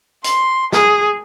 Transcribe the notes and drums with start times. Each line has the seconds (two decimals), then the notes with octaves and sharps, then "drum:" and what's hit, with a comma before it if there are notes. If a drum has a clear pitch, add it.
0.24 C6, drum: hi-hat
0.72 G#4, drum: snare